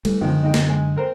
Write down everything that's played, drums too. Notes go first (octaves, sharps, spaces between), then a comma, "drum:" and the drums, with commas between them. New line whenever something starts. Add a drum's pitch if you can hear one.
E3 G3 A3, drum: cymbal
F#2 D3 D#3 F3 G#3
G#3 D#4 G5
drum: snare
G#3 G#5
C4 A#4 C5